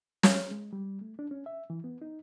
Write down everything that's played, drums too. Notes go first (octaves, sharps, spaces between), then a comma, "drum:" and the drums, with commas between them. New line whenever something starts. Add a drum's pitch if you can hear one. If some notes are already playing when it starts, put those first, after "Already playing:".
C#5, drum: snare
G#3
G3
A3
D4
C#4
E5
E3
B3
D#4